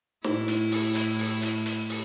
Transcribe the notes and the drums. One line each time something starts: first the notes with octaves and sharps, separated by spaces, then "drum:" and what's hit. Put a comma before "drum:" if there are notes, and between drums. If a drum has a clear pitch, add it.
A2 E4, drum: snare
drum: hi-hat
drum: open hi-hat
drum: hi-hat
drum: open hi-hat
drum: hi-hat
drum: hi-hat
drum: open hi-hat